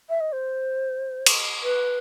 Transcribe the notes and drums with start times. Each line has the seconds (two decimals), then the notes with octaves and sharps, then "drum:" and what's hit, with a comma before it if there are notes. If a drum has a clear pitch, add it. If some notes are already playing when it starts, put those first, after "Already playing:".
0.10 E5
0.21 D#5
0.32 C5
1.26 drum: cymbal
1.63 B4